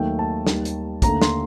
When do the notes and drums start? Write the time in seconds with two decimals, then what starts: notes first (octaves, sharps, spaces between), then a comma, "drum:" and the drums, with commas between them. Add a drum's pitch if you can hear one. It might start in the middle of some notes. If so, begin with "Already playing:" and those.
Already playing: D#2 D#3 F#3 A3 G5
0.19 A5
0.47 D#2 D#3 G3, drum: snare
0.65 drum: hi-hat
1.02 D#2 D3 A3 A#5, drum: kick, hi-hat
1.22 C6, drum: snare